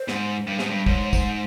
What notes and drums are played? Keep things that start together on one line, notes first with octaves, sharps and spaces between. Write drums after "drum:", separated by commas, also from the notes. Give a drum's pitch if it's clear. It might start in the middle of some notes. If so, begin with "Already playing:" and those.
Already playing: C5
G#2, drum: snare
G2
G#2, drum: snare
G2
G#2 C#5, drum: kick
C5, drum: kick, tambourine